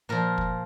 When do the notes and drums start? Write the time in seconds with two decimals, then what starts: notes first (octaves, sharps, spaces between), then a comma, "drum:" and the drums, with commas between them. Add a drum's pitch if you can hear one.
0.09 A#2 F3 A#4
0.38 drum: kick